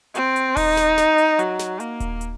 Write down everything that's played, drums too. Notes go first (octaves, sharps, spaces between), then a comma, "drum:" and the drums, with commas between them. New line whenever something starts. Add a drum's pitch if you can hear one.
C4, drum: hi-hat
drum: hi-hat
D#4, drum: kick D#1, open hi-hat
drum: snare
drum: snare
drum: hi-hat
F#3, drum: hi-hat
drum: snare
A#3, drum: hi-hat
drum: kick D#1, hi-hat
drum: hi-hat